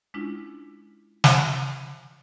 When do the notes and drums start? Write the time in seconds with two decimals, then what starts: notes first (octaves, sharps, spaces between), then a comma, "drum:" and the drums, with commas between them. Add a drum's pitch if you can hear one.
0.14 G#3 C#4 D4 E4 F4
1.24 drum: snare